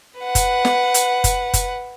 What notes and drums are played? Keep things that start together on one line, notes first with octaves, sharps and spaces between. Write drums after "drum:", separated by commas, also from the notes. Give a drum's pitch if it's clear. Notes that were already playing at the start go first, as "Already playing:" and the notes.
B4 F#5
drum: kick, hi-hat
drum: snare
drum: hi-hat
drum: kick, hi-hat
drum: kick, hi-hat